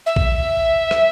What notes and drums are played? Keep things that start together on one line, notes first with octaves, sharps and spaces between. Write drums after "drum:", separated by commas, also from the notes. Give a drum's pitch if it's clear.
E5
drum: kick
drum: rim click